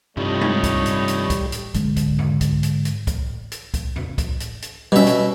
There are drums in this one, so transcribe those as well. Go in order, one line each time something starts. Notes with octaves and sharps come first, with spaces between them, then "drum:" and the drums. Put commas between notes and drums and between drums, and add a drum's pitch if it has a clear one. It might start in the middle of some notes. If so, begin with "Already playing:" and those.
G2 C3 D#3 F3 G3 A3 C#5 D#5
drum: tom G#3
drum: kick, hi-hat
drum: hi-hat
drum: hi-hat
drum: kick, hi-hat
drum: hi-hat
G#2 D3, drum: hi-hat
drum: kick, hi-hat
drum: tom E2
drum: kick, hi-hat
drum: hi-hat
drum: hi-hat
drum: kick, hi-hat
drum: hi-hat
drum: kick, hi-hat
drum: tom E2
drum: kick, hi-hat
drum: hi-hat
drum: hi-hat
B2 G3 C#4 E5
drum: hi-hat